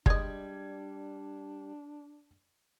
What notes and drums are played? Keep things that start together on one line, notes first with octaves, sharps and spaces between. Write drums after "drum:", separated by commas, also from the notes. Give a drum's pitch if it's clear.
G3 G#3 D4 D#5 G#6, drum: kick